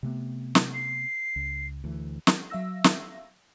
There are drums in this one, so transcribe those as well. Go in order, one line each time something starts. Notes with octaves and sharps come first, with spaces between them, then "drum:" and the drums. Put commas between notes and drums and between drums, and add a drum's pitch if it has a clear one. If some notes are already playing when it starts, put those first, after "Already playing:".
C3 A3 B3
drum: snare
C7
C#2
D2 E3
drum: snare
F#3 E5 F5 E6 A#6
drum: snare